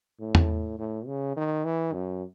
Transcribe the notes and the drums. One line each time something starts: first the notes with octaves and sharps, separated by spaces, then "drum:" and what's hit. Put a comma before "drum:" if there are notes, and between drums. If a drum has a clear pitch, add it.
A2
drum: tom
A2
C#3
D#3
E3
F#2